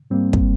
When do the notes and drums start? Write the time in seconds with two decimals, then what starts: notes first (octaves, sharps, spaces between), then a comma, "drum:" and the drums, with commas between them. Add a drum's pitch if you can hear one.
0.10 G#2 G3 A#3 C4
0.33 drum: kick